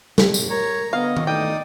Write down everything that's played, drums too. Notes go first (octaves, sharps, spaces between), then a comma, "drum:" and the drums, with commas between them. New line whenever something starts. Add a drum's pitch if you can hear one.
G#2 C3, drum: snare
drum: tambourine
A#4 C#5 A#5
D3 B3 D#5 F5
drum: tom D#3
A#1 E3 A3 D#4 D5 G5 D#6